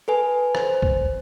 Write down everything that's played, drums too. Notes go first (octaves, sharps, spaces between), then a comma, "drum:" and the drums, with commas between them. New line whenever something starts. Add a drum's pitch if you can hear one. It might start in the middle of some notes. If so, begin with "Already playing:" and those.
A4 B4 G#5
C5, drum: rim click
drum: kick B1